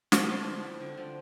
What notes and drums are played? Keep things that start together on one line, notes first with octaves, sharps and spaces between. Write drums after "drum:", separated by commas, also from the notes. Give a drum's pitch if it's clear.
D3 C6, drum: snare
B5
F3 A5 C6
C4
E4
D3
F3